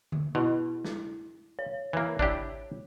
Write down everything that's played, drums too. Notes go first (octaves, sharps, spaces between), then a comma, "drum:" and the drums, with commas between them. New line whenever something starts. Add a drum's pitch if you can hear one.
drum: tom D3
B2 E4
drum: snare
C#5
E3 A#3
D4 E4 G4, drum: kick G#1